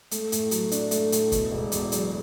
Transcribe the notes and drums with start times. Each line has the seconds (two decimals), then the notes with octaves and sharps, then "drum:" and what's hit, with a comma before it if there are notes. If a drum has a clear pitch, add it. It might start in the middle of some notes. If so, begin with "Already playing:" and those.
0.11 A3, drum: hi-hat
0.32 A2, drum: hi-hat
0.51 F#3, drum: hi-hat
0.72 D4, drum: hi-hat
0.91 A3, drum: hi-hat
1.12 A2, drum: hi-hat
1.32 B2, drum: kick, hi-hat
1.52 E1
1.72 E2, drum: hi-hat
1.92 F#3, drum: hi-hat